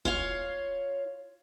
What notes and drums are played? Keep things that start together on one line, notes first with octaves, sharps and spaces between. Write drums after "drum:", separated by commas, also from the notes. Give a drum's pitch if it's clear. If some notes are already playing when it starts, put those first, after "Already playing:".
F4 C#5 F5, drum: kick